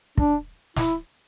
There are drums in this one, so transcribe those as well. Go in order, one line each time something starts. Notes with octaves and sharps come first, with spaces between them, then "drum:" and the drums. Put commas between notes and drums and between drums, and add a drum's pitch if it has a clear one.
D4, drum: kick
E4, drum: snare